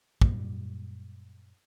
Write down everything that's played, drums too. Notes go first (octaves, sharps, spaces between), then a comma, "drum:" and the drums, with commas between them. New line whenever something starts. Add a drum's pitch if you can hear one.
F#2 A#2 G3, drum: kick